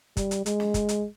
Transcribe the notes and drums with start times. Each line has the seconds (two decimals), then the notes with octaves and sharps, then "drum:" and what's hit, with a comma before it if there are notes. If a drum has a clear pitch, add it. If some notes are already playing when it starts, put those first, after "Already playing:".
0.17 G3, drum: kick, hi-hat
0.31 drum: hi-hat
0.46 G#3, drum: hi-hat
0.60 drum: snare
0.74 drum: kick, hi-hat
0.89 drum: hi-hat